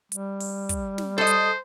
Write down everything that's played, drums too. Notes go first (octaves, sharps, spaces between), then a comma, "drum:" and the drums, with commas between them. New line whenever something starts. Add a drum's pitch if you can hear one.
G3, drum: hi-hat
drum: open hi-hat
drum: kick, hi-hat
drum: snare
A4 C5 D#5
drum: hi-hat